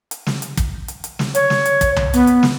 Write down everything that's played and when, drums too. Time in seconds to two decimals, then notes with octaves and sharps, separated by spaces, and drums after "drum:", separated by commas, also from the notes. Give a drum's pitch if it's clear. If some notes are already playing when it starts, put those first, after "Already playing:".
0.11 drum: hi-hat
0.27 drum: snare
0.42 drum: hi-hat
0.57 drum: kick, hi-hat
0.88 drum: hi-hat
1.04 drum: hi-hat
1.19 drum: snare
1.35 C#5, drum: hi-hat
1.50 drum: snare
1.65 drum: hi-hat
1.81 drum: kick, hi-hat
1.96 drum: tom C2
2.14 B3, drum: hi-hat
2.27 drum: hi-hat
2.43 drum: snare